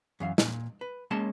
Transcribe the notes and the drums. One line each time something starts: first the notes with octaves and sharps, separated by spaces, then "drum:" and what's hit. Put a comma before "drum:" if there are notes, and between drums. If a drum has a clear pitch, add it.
F#2 E3 F5
A#2, drum: snare
B4
G#3 A#3 C#4 C#5 A5 C6